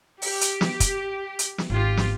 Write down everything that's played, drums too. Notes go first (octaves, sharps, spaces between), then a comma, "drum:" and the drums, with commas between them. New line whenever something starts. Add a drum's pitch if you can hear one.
G4, drum: open hi-hat
drum: hi-hat
drum: snare
drum: kick, hi-hat
drum: hi-hat
drum: snare
G#1 F4 G4
drum: snare